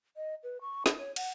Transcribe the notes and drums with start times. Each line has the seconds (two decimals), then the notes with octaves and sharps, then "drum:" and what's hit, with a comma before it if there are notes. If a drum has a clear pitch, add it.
0.16 D#5
0.43 B4
0.61 C#6
0.86 D4, drum: snare
0.98 C#5
1.16 F#5, drum: cymbal